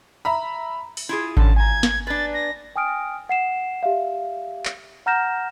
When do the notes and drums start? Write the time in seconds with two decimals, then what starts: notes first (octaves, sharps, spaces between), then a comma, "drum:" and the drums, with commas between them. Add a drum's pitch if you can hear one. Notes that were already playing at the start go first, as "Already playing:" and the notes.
0.25 E5 A#5 B5
0.97 drum: open hi-hat
1.09 E4 F4 G#4
1.37 D3 F3 C#4 A5, drum: kick G#1
1.56 G#5 A#5 G#6
1.83 drum: snare
2.07 D4 B4 A6
2.34 A#6
2.76 G5 G#5 D#6 F6 D7
3.29 F#5 C7 E7
3.83 G4 E5 F5
4.65 drum: clap
5.06 F#5 A#5 F6 G6 A#6 E7